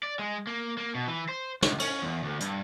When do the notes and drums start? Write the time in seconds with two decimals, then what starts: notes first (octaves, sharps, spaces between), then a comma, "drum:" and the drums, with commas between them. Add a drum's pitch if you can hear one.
0.03 D5
0.19 G#3
0.47 A#3
0.77 A#3
0.95 B2
1.08 E3
1.29 C5
1.62 C#2, drum: snare
1.79 C#4, drum: cymbal
2.02 E2
2.23 D2
2.40 G2, drum: hi-hat